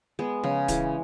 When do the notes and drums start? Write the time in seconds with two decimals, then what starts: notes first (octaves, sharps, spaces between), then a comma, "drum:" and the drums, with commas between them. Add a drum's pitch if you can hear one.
0.19 G#3 B3
0.43 C#3, drum: tom F3
0.68 E3 G#3, drum: kick, hi-hat